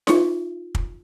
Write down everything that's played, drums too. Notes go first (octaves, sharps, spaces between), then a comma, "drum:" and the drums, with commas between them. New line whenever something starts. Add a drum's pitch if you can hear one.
D#4 F4, drum: snare E4
drum: kick